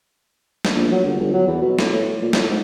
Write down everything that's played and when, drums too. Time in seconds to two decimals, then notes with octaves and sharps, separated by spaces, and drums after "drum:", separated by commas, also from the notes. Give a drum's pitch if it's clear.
0.65 drum: snare
0.74 A#1
0.91 F#3
1.04 G1
1.19 G1
1.33 F#3
1.47 E2
1.62 B2
1.79 A2, drum: snare
1.92 A2
2.21 A#2
2.33 A2, drum: snare
2.50 G#2